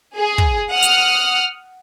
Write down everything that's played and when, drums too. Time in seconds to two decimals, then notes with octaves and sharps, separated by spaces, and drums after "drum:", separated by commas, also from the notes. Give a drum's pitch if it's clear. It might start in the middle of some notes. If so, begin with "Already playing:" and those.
0.18 G#4
0.38 drum: kick
0.72 F#5 D#6 F6
0.82 drum: hi-hat